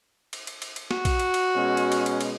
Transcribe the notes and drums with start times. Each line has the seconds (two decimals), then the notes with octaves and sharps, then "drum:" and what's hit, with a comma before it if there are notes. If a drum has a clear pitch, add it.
0.33 drum: cymbal
0.47 drum: cymbal
0.62 drum: cymbal
0.76 drum: cymbal
0.91 F#4, drum: snare
1.05 drum: kick, cymbal
1.19 drum: cymbal
1.34 drum: cymbal
1.55 B2 G#3 C#4
1.77 drum: cymbal
1.92 drum: cymbal
2.06 drum: cymbal
2.21 drum: cymbal